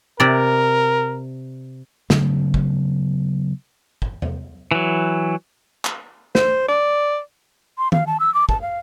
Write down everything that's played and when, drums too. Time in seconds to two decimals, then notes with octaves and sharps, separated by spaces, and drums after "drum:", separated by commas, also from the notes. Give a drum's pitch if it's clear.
0.20 C3 A#4 D5
2.10 C#3 F#3 A3 B3, drum: snare
2.54 drum: kick
4.02 drum: kick
4.22 drum: tom E2
4.71 E3 F#3
5.85 drum: clap
6.35 C5, drum: snare
6.69 D5
7.78 C6
7.92 F5, drum: tom D#3
8.07 A5
8.20 E6
8.34 D6
8.49 A5, drum: kick
8.61 F5